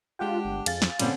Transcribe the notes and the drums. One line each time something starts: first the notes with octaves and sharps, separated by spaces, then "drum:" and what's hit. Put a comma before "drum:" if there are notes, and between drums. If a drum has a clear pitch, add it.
G#3 D4 F4 G4 F#5 G5
G1
F2 G#4 F5 A6, drum: cymbal
drum: snare
A#2 D3 F3 G3 C4 C#4, drum: cymbal